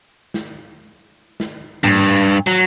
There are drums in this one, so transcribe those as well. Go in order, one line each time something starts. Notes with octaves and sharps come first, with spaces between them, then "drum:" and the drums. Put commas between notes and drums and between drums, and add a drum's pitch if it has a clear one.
drum: snare
drum: snare
G2, drum: tom
F#3